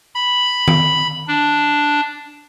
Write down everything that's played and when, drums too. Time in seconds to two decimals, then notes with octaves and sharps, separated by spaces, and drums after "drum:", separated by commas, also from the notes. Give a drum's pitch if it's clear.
0.15 B5
0.68 drum: tom D#3
1.28 D4